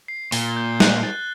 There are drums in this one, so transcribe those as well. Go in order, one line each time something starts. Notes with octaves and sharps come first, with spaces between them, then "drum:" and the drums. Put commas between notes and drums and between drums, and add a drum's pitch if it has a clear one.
C7
A#2 G7, drum: open hi-hat
G6
F#6, drum: snare
A6